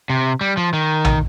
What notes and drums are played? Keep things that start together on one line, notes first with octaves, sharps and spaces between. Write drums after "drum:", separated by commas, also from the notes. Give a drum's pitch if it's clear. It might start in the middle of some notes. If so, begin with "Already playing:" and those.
C3
G3
F3
D#3
drum: tom